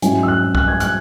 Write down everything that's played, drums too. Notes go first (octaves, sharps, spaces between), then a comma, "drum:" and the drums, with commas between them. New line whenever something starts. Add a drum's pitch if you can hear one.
G#2 F#3 C#4 E4 G#5, drum: hi-hat
E6
F#6
F#6, drum: kick C2
G#6
F#6, drum: hi-hat